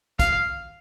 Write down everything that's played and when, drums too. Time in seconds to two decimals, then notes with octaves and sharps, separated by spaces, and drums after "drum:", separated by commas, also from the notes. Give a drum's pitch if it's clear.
0.19 F5, drum: kick, hi-hat